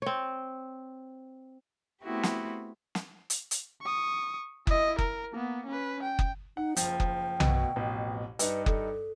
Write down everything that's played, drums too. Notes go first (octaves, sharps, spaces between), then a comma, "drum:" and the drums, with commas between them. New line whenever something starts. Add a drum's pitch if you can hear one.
C4 C#5
A3 B3 C4 E4 F#4 G4
drum: snare
drum: snare
drum: hi-hat
drum: hi-hat
C#6 D#6
E4 D#5, drum: kick F#1
A#4, drum: kick F#1
A#3 B3
C#4 B4
G5
drum: kick F#1
D#4 F#5
F#1 F3 G5, drum: hi-hat
drum: kick F#1
D2 B2, drum: tom B1
A1 F2 B2
G2 D#4 B4, drum: hi-hat
A4, drum: kick F#1